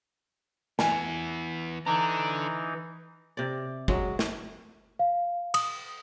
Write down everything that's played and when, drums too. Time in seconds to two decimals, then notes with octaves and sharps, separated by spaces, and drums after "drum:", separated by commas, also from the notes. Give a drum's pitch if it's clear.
0.79 E3 B3 G#5, drum: snare
1.86 D3 E3 D4 D#4 A#5
3.37 C3 D5
3.88 F#3 G#3, drum: kick G1
4.19 drum: snare
4.99 F5
5.54 D#6, drum: cymbal